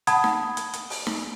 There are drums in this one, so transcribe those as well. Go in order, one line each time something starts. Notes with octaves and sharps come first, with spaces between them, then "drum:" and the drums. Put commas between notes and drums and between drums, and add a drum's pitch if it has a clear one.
F#5 A5 B5 D#6 G#6, drum: hi-hat
drum: snare D#4
drum: hi-hat
drum: hi-hat
drum: open hi-hat
drum: snare D#4